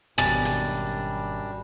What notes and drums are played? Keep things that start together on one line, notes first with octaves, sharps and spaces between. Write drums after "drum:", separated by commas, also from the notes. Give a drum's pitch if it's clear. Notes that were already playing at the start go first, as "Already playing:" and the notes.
G#1 F#2 B2 G3 D4 G#5 A6, drum: rim click
drum: hi-hat